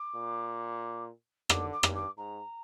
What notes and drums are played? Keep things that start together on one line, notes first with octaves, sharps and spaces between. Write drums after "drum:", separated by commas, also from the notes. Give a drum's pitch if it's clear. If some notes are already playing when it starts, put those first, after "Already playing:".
Already playing: D6
A#2
D3 D6, drum: rim click
D6
G2, drum: rim click
D6
G#2 A#5